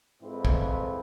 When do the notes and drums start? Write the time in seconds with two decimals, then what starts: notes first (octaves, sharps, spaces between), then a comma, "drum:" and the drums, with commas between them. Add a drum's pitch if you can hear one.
0.22 F2 G#2 C4 E4 B4
0.45 drum: kick